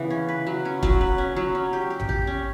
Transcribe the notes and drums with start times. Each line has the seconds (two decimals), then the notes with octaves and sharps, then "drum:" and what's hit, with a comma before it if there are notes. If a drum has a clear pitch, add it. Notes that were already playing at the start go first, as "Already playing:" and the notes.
Already playing: C#3 E3 B3
0.10 C#4
0.29 B4
0.47 F#3
0.65 C#4
0.83 F#3, drum: kick
1.01 B4
1.18 C#4
1.36 F#3
1.55 C#4
1.73 G4
1.90 G4
2.00 drum: tom A1
2.09 G4
2.27 C#4